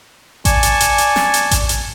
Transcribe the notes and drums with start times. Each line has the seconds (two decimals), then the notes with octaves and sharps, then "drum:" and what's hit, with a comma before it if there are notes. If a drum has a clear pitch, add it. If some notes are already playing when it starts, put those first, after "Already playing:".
0.45 D5 G#5 A5 C#6, drum: kick A1, hi-hat
0.63 drum: hi-hat
0.80 drum: hi-hat
0.98 drum: hi-hat
1.16 drum: snare
1.34 drum: hi-hat
1.51 drum: kick A1, hi-hat
1.69 drum: hi-hat